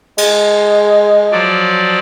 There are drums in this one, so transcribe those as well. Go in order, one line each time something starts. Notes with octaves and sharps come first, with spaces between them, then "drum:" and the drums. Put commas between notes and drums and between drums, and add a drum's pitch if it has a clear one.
G#3, drum: cymbal
F3 F#3 D5